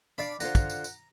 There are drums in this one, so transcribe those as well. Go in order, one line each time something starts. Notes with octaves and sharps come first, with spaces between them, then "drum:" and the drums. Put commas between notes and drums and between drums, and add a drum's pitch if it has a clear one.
D4 D5 F5 B5
D3 F4 C5 F#5 A#5, drum: tambourine
drum: kick, tambourine
drum: tambourine
drum: tambourine